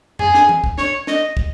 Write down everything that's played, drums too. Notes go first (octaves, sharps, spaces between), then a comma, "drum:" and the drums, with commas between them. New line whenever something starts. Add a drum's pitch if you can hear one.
G#4, drum: tom F2
drum: snare
drum: tom E3
drum: kick
C#5, drum: snare
D#5, drum: snare
drum: kick